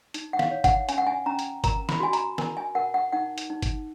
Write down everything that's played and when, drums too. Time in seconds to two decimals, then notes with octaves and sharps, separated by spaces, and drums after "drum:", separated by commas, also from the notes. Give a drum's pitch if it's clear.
0.14 D#4, drum: hi-hat
0.33 F#5
0.39 F5, drum: snare
0.51 C#5
0.64 F#5, drum: kick G1, hi-hat
0.89 C#4 G#5, drum: hi-hat
0.98 F#5
1.07 G#5
1.26 C#4 A#5
1.39 drum: hi-hat
1.64 A#4 A#5, drum: kick G1, hi-hat
1.89 B5, drum: snare
2.00 F#4 G#5
2.13 A#5, drum: hi-hat
2.38 A#4 G#5, drum: snare
2.57 G#5
2.75 A#4 F#5
2.94 F#5
3.13 D#4 F#5
3.38 drum: hi-hat
3.50 D#4
3.62 drum: kick G1, hi-hat